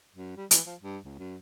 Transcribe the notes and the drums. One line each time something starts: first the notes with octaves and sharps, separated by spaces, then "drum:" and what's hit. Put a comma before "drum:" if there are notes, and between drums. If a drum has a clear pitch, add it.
F#2
G3
E3, drum: hi-hat
F3
G2
C#2
F#2